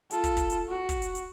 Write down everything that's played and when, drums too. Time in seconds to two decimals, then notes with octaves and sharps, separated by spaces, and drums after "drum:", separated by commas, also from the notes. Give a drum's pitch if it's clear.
0.11 F4 A4, drum: hi-hat
0.24 drum: kick, hi-hat
0.37 drum: kick, hi-hat
0.50 drum: hi-hat
0.69 F#4
0.89 drum: kick, hi-hat
1.02 drum: hi-hat
1.15 drum: hi-hat